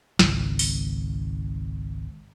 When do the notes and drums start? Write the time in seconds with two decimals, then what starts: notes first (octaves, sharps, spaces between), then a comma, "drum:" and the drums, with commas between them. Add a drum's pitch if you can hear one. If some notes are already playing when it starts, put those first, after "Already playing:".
0.19 G#1 C#2, drum: snare
0.59 drum: open hi-hat